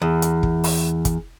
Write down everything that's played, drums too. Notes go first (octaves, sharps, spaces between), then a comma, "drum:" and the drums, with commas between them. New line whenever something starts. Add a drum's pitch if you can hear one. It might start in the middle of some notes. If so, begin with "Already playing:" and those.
E2
drum: hi-hat
drum: kick
drum: open hi-hat
drum: kick, hi-hat